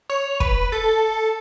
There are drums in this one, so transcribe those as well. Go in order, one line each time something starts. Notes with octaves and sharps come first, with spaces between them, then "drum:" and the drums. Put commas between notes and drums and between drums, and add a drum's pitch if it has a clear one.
C#5
B4, drum: kick
A4